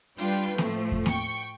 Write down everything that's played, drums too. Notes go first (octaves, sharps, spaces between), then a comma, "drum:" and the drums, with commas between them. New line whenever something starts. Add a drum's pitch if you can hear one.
G3 D4 F4 B4 G5, drum: hi-hat
A2 F3 A3, drum: snare A#3
drum: kick E2
G5 C#6, drum: snare A#3